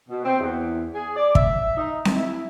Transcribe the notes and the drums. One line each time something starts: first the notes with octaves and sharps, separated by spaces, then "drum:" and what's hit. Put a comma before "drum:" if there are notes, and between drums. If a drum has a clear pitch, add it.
B2
C4
E2
G#4
D5
E5, drum: kick
D#4
drum: snare C4
E4